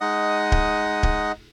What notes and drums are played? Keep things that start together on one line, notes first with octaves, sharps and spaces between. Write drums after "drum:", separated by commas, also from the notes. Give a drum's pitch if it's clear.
G#3 D#4 D#5 F#5 D#6
drum: kick D1
drum: kick D1